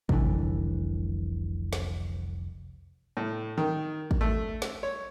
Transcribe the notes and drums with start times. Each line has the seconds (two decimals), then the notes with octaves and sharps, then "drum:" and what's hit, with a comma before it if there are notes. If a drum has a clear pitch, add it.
0.09 F1 C2 D3 E3, drum: kick
1.73 drum: snare
3.17 A2
3.58 D#3, drum: tom
4.11 drum: kick
4.21 A3
4.62 drum: snare
4.83 C#5